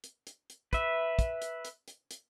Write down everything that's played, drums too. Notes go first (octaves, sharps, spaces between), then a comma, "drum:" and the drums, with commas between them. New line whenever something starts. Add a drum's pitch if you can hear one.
drum: hi-hat
drum: hi-hat
drum: hi-hat
B4 E5, drum: kick, hi-hat
drum: kick, hi-hat
drum: hi-hat
drum: hi-hat
drum: hi-hat
drum: hi-hat